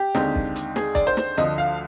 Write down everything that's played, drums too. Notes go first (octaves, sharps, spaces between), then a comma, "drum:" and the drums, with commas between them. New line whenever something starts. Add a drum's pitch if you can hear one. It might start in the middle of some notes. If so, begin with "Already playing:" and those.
Already playing: G4
D#2 D3 G#3 C4 D#4, drum: snare
drum: kick
drum: hi-hat
G#4, drum: snare
D5, drum: kick, hi-hat
C5
drum: snare
D2 D3 F3 D#5, drum: hi-hat
F5